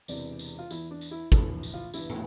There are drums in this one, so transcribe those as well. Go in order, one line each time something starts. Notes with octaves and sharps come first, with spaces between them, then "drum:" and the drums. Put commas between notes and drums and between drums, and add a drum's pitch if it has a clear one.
E1 E2 C3 E3 D5, drum: tambourine
drum: tambourine
F4
E2 E3 E4, drum: tambourine
D4
drum: tambourine
E4
A#1 A2 E3 A4, drum: kick, tambourine
drum: tambourine
F4
G1 G2 E3 E4, drum: tambourine
drum: tom